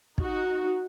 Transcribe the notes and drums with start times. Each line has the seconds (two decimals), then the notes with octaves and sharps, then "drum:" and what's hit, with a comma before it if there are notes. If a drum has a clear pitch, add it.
0.18 D#4 F#4, drum: kick